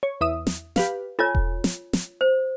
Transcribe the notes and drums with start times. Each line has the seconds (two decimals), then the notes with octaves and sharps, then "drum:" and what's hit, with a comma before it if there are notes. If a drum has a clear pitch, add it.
0.03 C#5
0.21 E2 E5 D#6
0.47 drum: snare
0.76 G4 B4 F5, drum: snare
1.19 F4 A4 C#5 G#5
1.35 drum: kick E1
1.64 drum: snare
1.93 drum: snare
2.21 C5